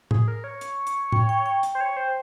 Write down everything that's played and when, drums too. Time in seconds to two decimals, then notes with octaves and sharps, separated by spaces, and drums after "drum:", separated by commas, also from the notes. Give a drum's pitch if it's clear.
0.11 G#4, drum: tom A2
0.28 A#4
0.44 C#5
0.61 drum: hi-hat
0.87 drum: hi-hat
1.12 G5, drum: tom A2
1.29 G5
1.46 G5
1.63 drum: hi-hat
1.75 C5
1.81 C#5
1.96 C5